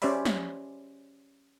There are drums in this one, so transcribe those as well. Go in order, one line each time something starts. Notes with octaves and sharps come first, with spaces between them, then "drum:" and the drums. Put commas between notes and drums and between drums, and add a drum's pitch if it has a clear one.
C#4 G4 C5 D5 E5 B5, drum: open hi-hat
drum: snare